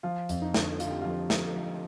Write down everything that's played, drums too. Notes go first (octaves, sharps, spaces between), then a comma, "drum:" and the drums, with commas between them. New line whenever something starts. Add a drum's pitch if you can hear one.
F3 F4
F2, drum: hi-hat
D#4
D3, drum: snare
D3 F4, drum: hi-hat
G4
F3 F4
D3, drum: snare
F3